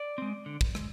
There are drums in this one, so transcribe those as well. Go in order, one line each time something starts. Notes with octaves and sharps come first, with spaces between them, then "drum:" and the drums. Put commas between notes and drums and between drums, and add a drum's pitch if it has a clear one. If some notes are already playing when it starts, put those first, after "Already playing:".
Already playing: D5
G#3 C4
D3
drum: kick
G#3, drum: rim click